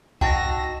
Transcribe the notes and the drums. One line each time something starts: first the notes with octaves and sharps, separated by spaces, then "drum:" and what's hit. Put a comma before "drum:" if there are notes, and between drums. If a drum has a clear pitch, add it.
D#4 F#4 G5 A5 E6 A#6, drum: kick C2